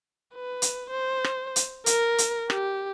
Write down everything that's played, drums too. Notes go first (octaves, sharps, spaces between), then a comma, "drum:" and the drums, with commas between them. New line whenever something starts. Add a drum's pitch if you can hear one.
B4
drum: hi-hat
C5
drum: rim click
drum: hi-hat
A#4, drum: hi-hat
drum: hi-hat
G4, drum: rim click